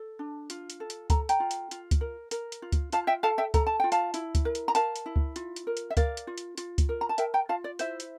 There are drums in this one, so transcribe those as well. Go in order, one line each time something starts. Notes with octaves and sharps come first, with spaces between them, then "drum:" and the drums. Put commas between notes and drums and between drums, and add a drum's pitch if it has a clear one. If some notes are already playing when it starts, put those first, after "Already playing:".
Already playing: A4
D4
F4, drum: hi-hat
drum: hi-hat
A4
drum: hi-hat
A4 A#5, drum: kick C#2, hi-hat
G5 A#5, drum: hi-hat
F4
drum: hi-hat
F4, drum: hi-hat
drum: kick C#2, hi-hat
A#4
A#4, drum: hi-hat
drum: hi-hat
F4
drum: kick C#2, hi-hat
F4 F5 A5, drum: hi-hat
E5 G5
A4 F5 A5
E5 G5
A4 A#5, drum: kick C#2, hi-hat
A5
F4 G5
F5 A5, drum: hi-hat
E4, drum: hi-hat
drum: kick C#2, hi-hat
A#4
drum: hi-hat
A#5
A#4 F5 A5, drum: hi-hat
drum: hi-hat
E4
drum: kick C#2
F4, drum: hi-hat
drum: hi-hat
A#4
drum: hi-hat
E5
A#4 D5 F5, drum: kick C#2, hi-hat
drum: hi-hat
F4
drum: hi-hat
F4, drum: hi-hat
drum: kick C#2, hi-hat
A#4
A#5
A5
A#4 E5 G5, drum: hi-hat
G5 A#5
F4 F5 A5
D5
E4 C5 E5, drum: hi-hat
drum: hi-hat